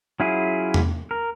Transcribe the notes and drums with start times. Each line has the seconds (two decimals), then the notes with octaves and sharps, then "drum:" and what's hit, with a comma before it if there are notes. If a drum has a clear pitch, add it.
0.20 F#3 C#4 E4 F4 G#4
0.74 drum: tom E2
1.11 A#4